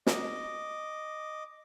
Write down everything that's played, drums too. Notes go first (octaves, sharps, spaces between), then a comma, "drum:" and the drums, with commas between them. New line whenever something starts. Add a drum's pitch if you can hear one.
D#5 D6, drum: snare